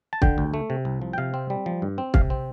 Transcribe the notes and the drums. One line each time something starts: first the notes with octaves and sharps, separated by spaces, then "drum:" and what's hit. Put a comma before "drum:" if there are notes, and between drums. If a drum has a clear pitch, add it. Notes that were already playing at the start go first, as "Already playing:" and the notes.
A5
D3 G5, drum: kick
D2
A3
C3
C2
F3
G5
C3 F5
C4
G3
F3
G2
C4
C3 F5, drum: kick
C4